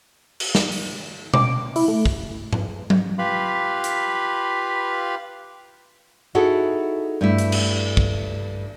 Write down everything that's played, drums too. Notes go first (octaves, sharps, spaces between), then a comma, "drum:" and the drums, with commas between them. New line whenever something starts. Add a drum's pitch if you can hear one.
drum: cymbal
drum: snare
drum: open hi-hat
D6, drum: tom B2
E4, drum: open hi-hat
A3
drum: kick
drum: tom G#2
drum: tom F#3
F4 G4 B4 F5 B5
drum: hi-hat
D#4 E4 F#4 G#4 A4
G2 A3 E4
drum: hi-hat
drum: cymbal
drum: kick